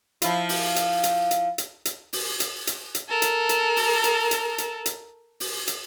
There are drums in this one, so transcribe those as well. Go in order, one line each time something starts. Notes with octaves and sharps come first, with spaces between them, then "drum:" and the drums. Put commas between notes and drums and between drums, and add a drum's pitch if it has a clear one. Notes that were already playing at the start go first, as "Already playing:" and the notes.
F3 E4 F4, drum: hi-hat
drum: open hi-hat
drum: hi-hat
drum: hi-hat
drum: hi-hat
drum: hi-hat
drum: hi-hat
drum: open hi-hat
drum: hi-hat
drum: hi-hat
drum: hi-hat
A4 A#4
drum: hi-hat
drum: hi-hat
drum: open hi-hat
drum: hi-hat
drum: hi-hat
drum: hi-hat
drum: hi-hat
drum: open hi-hat
drum: hi-hat